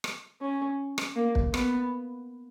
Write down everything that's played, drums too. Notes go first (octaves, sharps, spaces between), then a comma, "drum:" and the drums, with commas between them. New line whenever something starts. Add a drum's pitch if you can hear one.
drum: rim click
C#4
drum: rim click
A#3
drum: kick
B3, drum: rim click